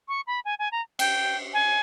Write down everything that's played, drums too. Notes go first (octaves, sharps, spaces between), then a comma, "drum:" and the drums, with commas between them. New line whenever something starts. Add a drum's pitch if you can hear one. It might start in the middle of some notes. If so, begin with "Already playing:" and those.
C#6
B5
G#5
G#5
A#5
G5, drum: cymbal
G#5